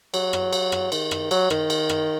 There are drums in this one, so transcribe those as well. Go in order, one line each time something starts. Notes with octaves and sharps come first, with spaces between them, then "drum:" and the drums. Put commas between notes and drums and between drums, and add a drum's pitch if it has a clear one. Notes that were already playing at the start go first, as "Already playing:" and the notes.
F#3, drum: cymbal
drum: rim click
drum: cymbal
drum: rim click
D#3, drum: cymbal
drum: rim click
F#3, drum: cymbal
D#3, drum: rim click
drum: cymbal
drum: rim click